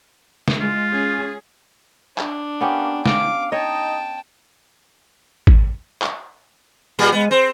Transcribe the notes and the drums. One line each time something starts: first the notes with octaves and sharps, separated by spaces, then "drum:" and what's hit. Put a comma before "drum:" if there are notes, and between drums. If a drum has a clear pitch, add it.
drum: snare
G#3 F4
C#4 G#4
D4, drum: clap
A#3 B3 C#4 G4
F5 D6, drum: snare
D#4 C#5 D#5 G5 A5
drum: kick G#1
drum: clap
A#2 G3 G#4
G#3 B3
C4 C5